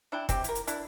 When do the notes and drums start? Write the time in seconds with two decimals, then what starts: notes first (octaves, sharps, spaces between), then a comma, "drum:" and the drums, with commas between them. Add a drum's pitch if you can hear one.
0.12 D4 E4 G5
0.29 C4 G4, drum: kick, hi-hat
0.44 E4 A#4, drum: hi-hat
0.55 drum: hi-hat
0.67 D4 E4, drum: hi-hat